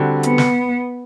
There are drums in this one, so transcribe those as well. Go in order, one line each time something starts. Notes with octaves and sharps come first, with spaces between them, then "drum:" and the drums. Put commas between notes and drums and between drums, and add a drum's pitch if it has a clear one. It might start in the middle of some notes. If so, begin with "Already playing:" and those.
Already playing: D3 G3 C4 F#4
B3, drum: hi-hat
drum: snare